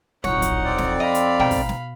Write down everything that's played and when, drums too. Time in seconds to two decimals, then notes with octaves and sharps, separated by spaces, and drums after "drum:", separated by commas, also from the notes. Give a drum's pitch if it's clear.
0.24 D1 A#1 D#4 C#5 F#5, drum: snare
0.42 drum: kick, hi-hat
0.64 F2 C4 D5
0.78 drum: snare
1.00 D#5 F5 B5
1.15 drum: hi-hat
1.40 G#2 B2 G5
1.51 drum: kick, open hi-hat
1.69 drum: snare